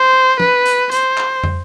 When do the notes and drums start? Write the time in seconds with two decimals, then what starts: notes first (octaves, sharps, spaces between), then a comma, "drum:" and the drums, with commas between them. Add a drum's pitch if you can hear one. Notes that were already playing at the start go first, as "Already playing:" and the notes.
Already playing: C5
0.40 B4, drum: tom F3
0.66 drum: hi-hat
0.92 C5, drum: hi-hat
1.18 drum: clap
1.44 drum: tom